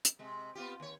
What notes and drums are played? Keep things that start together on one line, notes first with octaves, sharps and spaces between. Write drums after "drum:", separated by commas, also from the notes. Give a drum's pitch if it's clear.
drum: hi-hat
C3 G#3
B3 F4 G4
D#2 C#5